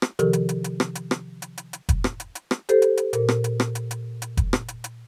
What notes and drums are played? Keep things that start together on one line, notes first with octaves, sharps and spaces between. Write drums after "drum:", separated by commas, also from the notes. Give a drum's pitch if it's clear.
drum: rim click
C3 D#3 F3 G4 A4 A#4, drum: hi-hat
drum: hi-hat
drum: hi-hat
drum: hi-hat
drum: rim click
drum: hi-hat
drum: rim click
drum: hi-hat
drum: hi-hat
drum: hi-hat
drum: kick, hi-hat
drum: rim click
drum: hi-hat
drum: hi-hat
drum: rim click
G4 A4 C5, drum: hi-hat
drum: hi-hat
drum: hi-hat
A#2 A#4, drum: hi-hat
drum: rim click
drum: hi-hat
drum: rim click
drum: hi-hat
drum: hi-hat
drum: hi-hat
drum: kick, hi-hat
drum: rim click
drum: hi-hat
drum: hi-hat